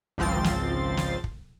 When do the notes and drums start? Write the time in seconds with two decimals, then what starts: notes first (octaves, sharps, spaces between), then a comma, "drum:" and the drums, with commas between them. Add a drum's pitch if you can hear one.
0.18 G#1 C#2 F3 C4 C6 A6
0.44 drum: snare
0.97 drum: snare
1.24 drum: kick